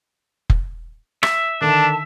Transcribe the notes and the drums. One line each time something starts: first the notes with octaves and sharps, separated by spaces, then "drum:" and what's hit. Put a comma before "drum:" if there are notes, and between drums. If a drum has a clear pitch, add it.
drum: kick F1
E5, drum: rim click
D3 D#3 D4 A5